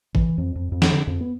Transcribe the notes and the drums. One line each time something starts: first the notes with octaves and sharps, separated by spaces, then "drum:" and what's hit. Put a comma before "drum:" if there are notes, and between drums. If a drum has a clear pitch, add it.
E3, drum: kick G#1
F2
F2
F2
drum: snare
D3
F2
B3